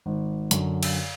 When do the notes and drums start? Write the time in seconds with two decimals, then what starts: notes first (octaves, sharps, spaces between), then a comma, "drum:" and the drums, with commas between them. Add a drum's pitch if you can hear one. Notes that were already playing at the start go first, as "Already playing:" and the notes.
0.06 G#1
0.51 F#2 D3, drum: hi-hat
0.83 drum: cymbal